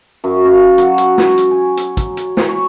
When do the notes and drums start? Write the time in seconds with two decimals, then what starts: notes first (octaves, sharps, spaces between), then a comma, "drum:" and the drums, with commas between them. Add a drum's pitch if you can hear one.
0.24 F#2
0.45 C#4 F5
0.78 F#3, drum: hi-hat
0.98 drum: hi-hat
1.18 drum: snare
1.38 drum: hi-hat
1.51 G#5
1.77 drum: hi-hat
1.97 drum: kick, hi-hat
2.17 drum: hi-hat
2.37 drum: snare
2.48 C#5